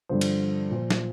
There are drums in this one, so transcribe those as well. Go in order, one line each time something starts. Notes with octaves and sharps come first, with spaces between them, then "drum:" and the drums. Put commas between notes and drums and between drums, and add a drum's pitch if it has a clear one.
G2 D3 F3 C5
drum: cymbal
A#2 F3
drum: snare